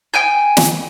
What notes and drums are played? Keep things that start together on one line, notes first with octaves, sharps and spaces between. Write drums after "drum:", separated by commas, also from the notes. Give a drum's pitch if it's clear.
G5 G#5 G6
drum: snare